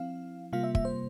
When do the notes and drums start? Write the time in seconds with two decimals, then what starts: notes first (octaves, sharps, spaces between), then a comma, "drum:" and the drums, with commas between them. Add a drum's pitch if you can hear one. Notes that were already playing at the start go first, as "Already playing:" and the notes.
Already playing: F3 C4 E4 F5
0.53 C3 G3 A#3 F4 F5
0.63 E5
0.75 E5, drum: kick
0.85 C5